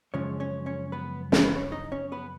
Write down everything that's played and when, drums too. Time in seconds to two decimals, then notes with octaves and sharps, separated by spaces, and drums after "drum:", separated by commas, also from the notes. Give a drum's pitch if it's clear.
0.14 F#2 C#3 F3 G#3 C#4 C#5
0.40 C#4 C#5
0.66 C#4 C#5
0.92 B3 B4
1.32 C#5, drum: snare
1.44 B4
1.56 C#4 C#5
1.72 D#4 D#5
1.92 C#4 C#5
2.12 B3 B4